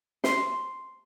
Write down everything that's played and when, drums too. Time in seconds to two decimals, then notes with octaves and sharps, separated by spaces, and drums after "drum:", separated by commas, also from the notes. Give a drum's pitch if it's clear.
0.24 C6, drum: snare